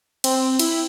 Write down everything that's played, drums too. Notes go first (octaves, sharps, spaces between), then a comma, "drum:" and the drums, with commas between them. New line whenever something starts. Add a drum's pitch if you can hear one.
C4, drum: cymbal
E4, drum: cymbal